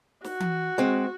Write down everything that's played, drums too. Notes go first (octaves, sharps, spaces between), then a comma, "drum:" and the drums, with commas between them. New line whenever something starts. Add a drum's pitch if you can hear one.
F#4, drum: snare
drum: tom E3
G#3 C4